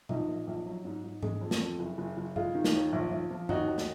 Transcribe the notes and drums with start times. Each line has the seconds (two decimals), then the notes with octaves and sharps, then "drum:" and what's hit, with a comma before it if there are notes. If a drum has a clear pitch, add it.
0.09 A#1 D#4, drum: tom
0.29 A#2
0.47 A#1
0.66 F#3
0.85 G#2
1.04 G#2
1.23 G#3, drum: tom G#2
1.41 F2
1.51 drum: snare
1.61 F2
1.79 F#1
1.98 F#1
2.17 F#1
2.36 G#3 F4, drum: tom G2
2.55 D#3
2.64 drum: snare
2.74 D#2
2.93 A#1
3.12 A#1
3.31 F3
3.49 D#2 D#4 F#4, drum: tom G2
3.68 D#2
3.78 drum: snare